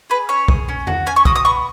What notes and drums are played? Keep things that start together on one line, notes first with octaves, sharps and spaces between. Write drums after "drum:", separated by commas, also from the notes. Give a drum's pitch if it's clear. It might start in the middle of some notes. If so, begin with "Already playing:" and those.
G#4 B4
C#4 C#5
G#4, drum: kick
C#4
F#4, drum: tom E2
C#4 G#5
C#6
F#4 D#6, drum: kick
D#6
B3 C#6